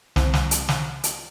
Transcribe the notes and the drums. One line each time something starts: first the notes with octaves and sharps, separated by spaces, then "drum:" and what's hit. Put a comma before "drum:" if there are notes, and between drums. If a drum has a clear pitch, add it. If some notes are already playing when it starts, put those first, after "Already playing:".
C2, drum: snare
drum: snare
drum: hi-hat
drum: snare
drum: hi-hat